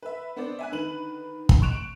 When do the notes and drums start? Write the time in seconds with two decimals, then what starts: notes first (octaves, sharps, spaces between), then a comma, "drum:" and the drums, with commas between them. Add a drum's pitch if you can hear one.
0.03 B4 E5
0.36 B3 C4 D4 D5
0.59 E5 G#5 F#6
0.72 D3 D#3 B4 D#7 F#7
1.49 drum: kick
1.62 C#6 F#6 D7 E7 F7